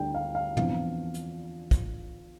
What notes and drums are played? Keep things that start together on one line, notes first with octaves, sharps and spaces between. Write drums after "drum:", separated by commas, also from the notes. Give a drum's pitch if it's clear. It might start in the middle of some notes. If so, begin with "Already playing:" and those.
Already playing: D2 D3 G3 D4 G5
F5
F5
E2 D3 F3 C4 F5, drum: tom
drum: hi-hat
drum: kick, hi-hat